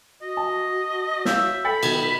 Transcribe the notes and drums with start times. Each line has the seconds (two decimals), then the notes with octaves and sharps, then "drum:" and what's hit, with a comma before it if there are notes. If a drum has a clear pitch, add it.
0.22 F#4 D#5
0.37 A5
1.25 C#5 E5 F5 G6, drum: snare
1.64 A4 G5 B5 A6 C#7
1.83 B2 D#3 G#6, drum: cymbal
1.99 B6